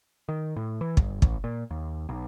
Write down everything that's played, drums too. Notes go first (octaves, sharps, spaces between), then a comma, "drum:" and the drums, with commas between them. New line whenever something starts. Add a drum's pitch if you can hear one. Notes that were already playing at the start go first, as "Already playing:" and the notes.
D#3
A2
E3
G1, drum: kick
A1, drum: kick
A#2
D#2
B1